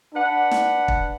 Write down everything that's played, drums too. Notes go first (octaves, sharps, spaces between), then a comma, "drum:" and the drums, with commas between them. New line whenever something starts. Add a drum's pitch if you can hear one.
D4 B4 F#5
drum: snare
drum: kick